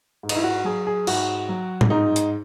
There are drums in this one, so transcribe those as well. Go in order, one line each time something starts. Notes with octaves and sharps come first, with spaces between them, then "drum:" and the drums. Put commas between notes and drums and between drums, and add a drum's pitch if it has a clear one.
G#2
D#4, drum: cymbal
E4
F#4
F#3 G#4
G#4
G#2 F#4, drum: cymbal
F#3
drum: tom A2
G#2 D#4
drum: hi-hat